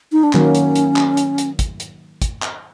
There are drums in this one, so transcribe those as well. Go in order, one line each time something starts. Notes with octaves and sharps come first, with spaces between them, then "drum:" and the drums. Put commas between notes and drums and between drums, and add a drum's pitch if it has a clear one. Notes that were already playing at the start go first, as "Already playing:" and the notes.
D#4
D4
D#3 F#3 A#3 C#4, drum: clap
drum: hi-hat
drum: hi-hat
drum: clap
drum: hi-hat
drum: hi-hat
drum: kick, hi-hat
drum: hi-hat
drum: kick, hi-hat
drum: clap